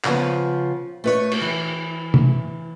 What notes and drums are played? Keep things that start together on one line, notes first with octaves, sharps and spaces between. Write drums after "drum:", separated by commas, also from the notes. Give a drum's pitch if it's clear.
C#3 F3 B3, drum: clap
A3 B4 C#5
drum: cymbal
E3
drum: tom